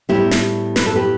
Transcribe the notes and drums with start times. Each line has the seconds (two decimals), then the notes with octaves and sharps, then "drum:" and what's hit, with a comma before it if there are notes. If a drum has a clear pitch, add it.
0.09 A2 G3 B3 E4 G4
0.31 drum: snare
0.76 B4, drum: snare
0.86 A4
0.96 G4 B4